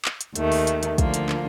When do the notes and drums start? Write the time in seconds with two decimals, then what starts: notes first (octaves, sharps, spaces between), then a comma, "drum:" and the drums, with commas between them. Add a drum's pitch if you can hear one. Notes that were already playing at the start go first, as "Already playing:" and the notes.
0.05 drum: clap
0.21 drum: hi-hat
0.36 D#2 D#3 A3, drum: hi-hat
0.52 drum: open hi-hat
0.67 drum: hi-hat
0.83 drum: hi-hat
0.98 D2 D3 F3 A#3 F4, drum: kick, hi-hat
1.14 drum: hi-hat
1.29 drum: clap